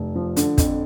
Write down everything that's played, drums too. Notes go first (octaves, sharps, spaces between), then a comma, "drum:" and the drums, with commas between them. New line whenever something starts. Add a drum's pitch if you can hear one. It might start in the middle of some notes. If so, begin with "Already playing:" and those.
Already playing: F1
F3
D3, drum: hi-hat
F2, drum: kick, hi-hat